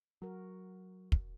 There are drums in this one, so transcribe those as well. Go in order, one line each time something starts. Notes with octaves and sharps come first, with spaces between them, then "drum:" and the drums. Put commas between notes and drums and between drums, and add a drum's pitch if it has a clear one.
F#3 F#4 A#4
drum: kick